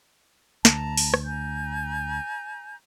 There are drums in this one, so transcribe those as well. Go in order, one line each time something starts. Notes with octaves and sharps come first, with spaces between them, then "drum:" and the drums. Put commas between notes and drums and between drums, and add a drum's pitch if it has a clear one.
D2 A5 A#5, drum: snare
drum: open hi-hat
drum: rim click
G#5 A#5 G6